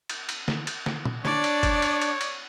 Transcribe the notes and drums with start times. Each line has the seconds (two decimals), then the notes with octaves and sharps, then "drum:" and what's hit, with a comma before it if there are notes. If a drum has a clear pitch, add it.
0.09 drum: cymbal
0.29 drum: cymbal
0.48 drum: snare
0.67 drum: cymbal
0.86 drum: snare
1.05 drum: tom A#2
1.25 D4 C#5 D5, drum: snare
1.44 drum: cymbal
1.63 drum: kick F#1, cymbal
1.82 drum: cymbal
2.01 drum: cymbal
2.21 drum: cymbal